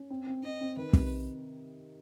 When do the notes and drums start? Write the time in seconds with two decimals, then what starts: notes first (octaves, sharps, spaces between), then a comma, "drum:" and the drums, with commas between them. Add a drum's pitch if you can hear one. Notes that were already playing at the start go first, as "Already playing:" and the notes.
Already playing: C#4
0.10 C4
0.27 C4
0.43 C4 D#5
0.61 C4
0.77 D#3 B4
0.93 C3, drum: kick